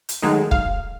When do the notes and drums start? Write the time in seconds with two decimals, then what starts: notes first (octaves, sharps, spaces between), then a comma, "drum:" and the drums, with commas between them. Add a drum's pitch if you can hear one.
0.09 drum: hi-hat
0.22 D#3 F#3 G#3 A3 D#4
0.51 F5, drum: kick